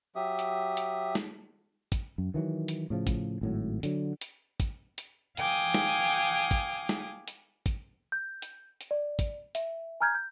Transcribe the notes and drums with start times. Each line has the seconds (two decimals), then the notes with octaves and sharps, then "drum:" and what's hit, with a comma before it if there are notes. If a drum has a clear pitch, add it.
0.16 F#3 G4 E5 D#6
0.39 drum: hi-hat
0.77 drum: hi-hat
1.15 drum: snare
1.92 drum: kick, hi-hat
2.18 F#2
2.34 D#3 E3 F#3
2.68 drum: hi-hat
2.90 A2 C#3 F3
3.07 drum: kick, hi-hat
3.41 G#1 A2 F#3
3.83 D3 F#3, drum: hi-hat
4.21 drum: hi-hat
4.60 drum: kick, hi-hat
4.98 drum: hi-hat
5.37 F5 G5 G#5 D6 D#6, drum: hi-hat
5.74 drum: snare
6.13 drum: hi-hat
6.51 drum: kick, hi-hat
6.89 drum: snare
7.28 drum: hi-hat
7.66 drum: kick, hi-hat
8.12 G6
8.42 drum: hi-hat
8.81 drum: hi-hat
8.91 D5
9.19 drum: kick, hi-hat
9.55 E5, drum: hi-hat
10.01 G#5 A#5 F6 G6 G#6
10.15 G6